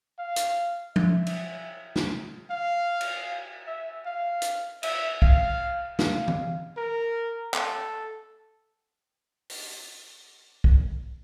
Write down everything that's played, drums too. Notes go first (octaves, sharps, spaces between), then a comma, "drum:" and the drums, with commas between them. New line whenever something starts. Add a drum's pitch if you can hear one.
F5
drum: hi-hat
E5, drum: tom F3
drum: cymbal
drum: snare
F5
drum: cymbal
E5
F5
drum: hi-hat
E5, drum: cymbal
F5, drum: kick
F5, drum: snare
drum: tom E3
A#4
A4, drum: clap
drum: open hi-hat
drum: kick